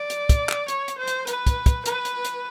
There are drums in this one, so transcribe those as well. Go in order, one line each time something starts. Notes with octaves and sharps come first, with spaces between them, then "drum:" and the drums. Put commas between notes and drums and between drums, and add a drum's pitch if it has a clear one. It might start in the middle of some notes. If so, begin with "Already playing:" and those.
Already playing: D5
drum: hi-hat
drum: kick, hi-hat
drum: clap
C#5, drum: hi-hat
drum: hi-hat
C5
drum: hi-hat
B4, drum: hi-hat
drum: kick, hi-hat
drum: kick, hi-hat
B4, drum: hi-hat
drum: hi-hat
drum: hi-hat